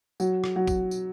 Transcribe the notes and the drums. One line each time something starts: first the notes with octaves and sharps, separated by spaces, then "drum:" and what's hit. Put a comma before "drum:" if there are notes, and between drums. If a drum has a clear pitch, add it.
F#3, drum: tambourine
drum: rim click
F#3
drum: kick, tambourine
drum: tambourine